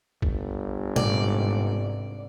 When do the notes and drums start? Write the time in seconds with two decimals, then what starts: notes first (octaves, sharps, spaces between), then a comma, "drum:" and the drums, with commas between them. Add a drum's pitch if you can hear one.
0.22 G1, drum: kick
0.96 C2 G#2 D5, drum: tom A#2